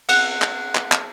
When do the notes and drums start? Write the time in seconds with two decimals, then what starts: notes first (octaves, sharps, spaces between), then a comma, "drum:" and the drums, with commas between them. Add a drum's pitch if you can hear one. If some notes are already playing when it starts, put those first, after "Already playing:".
0.09 F#5, drum: cymbal
0.42 drum: clap
0.75 drum: clap
0.92 drum: clap